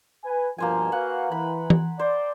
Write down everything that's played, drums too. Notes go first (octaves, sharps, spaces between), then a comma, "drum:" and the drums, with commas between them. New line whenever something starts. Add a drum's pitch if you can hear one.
B4 G#5
G2 B2 F3 A#3 C5 G#5
F#4 B4 F5 F#5
E3 B5
drum: tom
C5 D5